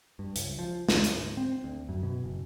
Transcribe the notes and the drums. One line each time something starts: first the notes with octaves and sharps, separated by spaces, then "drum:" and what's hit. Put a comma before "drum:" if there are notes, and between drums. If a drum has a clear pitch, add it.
G2
C#2, drum: hi-hat
F3
D2, drum: snare
drum: hi-hat
G#2
C4
D2
F#2
B2
F#1